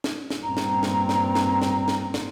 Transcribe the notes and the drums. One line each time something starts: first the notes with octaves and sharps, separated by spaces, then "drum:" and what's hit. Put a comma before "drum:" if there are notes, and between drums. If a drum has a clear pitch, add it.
drum: snare
drum: snare
G2 A#2 C4 A#5
drum: snare
drum: snare
drum: snare
drum: snare
drum: snare
drum: snare
drum: snare